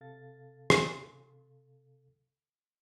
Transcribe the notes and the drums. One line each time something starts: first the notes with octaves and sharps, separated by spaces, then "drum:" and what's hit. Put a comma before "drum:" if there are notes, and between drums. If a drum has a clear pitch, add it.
C3 A4 F5 A6
drum: rim click